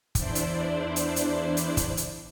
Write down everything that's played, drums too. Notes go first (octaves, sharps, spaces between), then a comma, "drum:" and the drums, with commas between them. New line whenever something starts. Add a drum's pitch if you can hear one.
E2 D4 E4 C5 D5, drum: kick, hi-hat
drum: hi-hat
drum: hi-hat
drum: hi-hat
drum: hi-hat
drum: kick, hi-hat
drum: hi-hat